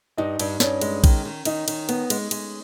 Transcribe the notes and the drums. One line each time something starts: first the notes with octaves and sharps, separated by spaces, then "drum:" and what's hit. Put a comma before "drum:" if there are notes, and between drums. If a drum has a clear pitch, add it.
G2 D#4 D#5
G2, drum: cymbal
G2 C#4 C#5, drum: snare
G#3, drum: cymbal
D#3, drum: kick A#1, cymbal
D#3
D#3 D#4 D#5, drum: cymbal
D#3, drum: cymbal
B3, drum: cymbal
G#3, drum: cymbal
G#3, drum: cymbal